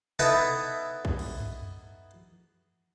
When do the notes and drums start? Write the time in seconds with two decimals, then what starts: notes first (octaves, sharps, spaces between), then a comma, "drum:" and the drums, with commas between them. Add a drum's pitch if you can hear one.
0.19 B3 D#4 E4 A4 B4, drum: tom B2
1.05 drum: kick B1
1.19 drum: cymbal
1.40 drum: tom F#2